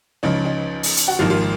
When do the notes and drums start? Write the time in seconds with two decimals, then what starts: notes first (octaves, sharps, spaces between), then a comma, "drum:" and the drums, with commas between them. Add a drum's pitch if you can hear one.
0.23 C#2 C#3 F3 D#4
0.45 D#4
0.83 drum: open hi-hat
0.97 drum: hi-hat
1.08 F#4
1.19 G#1 G#2 F3 A#3 F4
1.30 F4